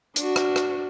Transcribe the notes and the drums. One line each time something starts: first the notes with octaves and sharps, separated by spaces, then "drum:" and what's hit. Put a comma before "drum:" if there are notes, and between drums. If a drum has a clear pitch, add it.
D4 F#4, drum: hi-hat
drum: rim click
drum: rim click